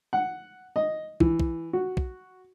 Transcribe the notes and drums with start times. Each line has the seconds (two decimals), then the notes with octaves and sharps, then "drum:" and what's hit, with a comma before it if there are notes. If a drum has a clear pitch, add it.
0.13 F#5
0.76 D#5
1.20 E3, drum: kick
1.40 drum: kick
1.73 F#4
1.97 drum: kick